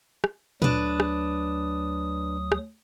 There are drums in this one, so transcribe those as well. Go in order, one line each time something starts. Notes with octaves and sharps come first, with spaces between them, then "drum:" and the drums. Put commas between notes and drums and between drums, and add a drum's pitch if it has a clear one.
drum: rim click
D2 F#3 D4 B4 D#6, drum: tom A#2
drum: rim click
drum: rim click